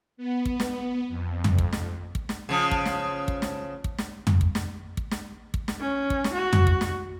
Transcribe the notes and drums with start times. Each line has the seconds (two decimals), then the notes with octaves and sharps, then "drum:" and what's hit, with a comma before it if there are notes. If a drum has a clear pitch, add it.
0.17 B3
0.45 drum: kick
0.60 drum: snare
1.08 F2
1.44 drum: tom
1.58 drum: kick
1.73 drum: snare
2.15 drum: kick
2.29 drum: snare
2.49 C#3 F3
2.71 drum: kick
2.86 drum: snare
3.28 drum: kick
3.42 drum: snare
3.84 drum: kick
3.98 drum: snare
4.27 drum: tom
4.41 drum: kick
4.55 drum: snare
4.97 drum: kick
5.11 drum: snare
5.54 drum: kick
5.68 drum: snare
5.81 C#4
6.10 drum: kick
6.24 drum: snare
6.34 F#4
6.53 drum: tom
6.67 drum: kick
6.81 drum: snare